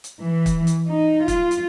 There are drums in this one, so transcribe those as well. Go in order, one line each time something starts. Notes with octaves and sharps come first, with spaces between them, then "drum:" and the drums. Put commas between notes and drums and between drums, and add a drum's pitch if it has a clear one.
drum: hi-hat
E3
drum: kick, hi-hat
drum: hi-hat
D#4
F4, drum: kick, hi-hat
drum: hi-hat